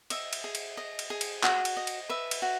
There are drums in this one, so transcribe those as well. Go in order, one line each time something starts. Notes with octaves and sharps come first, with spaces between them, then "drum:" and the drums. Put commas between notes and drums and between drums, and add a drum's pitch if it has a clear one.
D#5 E5, drum: cymbal
drum: cymbal
G#4
drum: cymbal
D#5
drum: cymbal
G#4
drum: cymbal
F#4, drum: clap
drum: cymbal
D#5
drum: cymbal
B4 E5
drum: cymbal
F#4